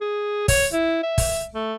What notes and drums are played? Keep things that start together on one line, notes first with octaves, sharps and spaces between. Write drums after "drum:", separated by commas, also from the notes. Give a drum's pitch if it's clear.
G#4
C#5, drum: kick, open hi-hat
E4
E5
drum: kick, open hi-hat
A3